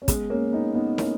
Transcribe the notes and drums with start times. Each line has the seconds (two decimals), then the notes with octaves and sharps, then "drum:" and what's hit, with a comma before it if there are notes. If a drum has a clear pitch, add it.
0.02 C#4
0.08 G#3 B3, drum: kick, hi-hat
0.30 A#3 C#4
0.52 B3 D#4
0.75 B3 D#4
0.98 A#3 C#4, drum: snare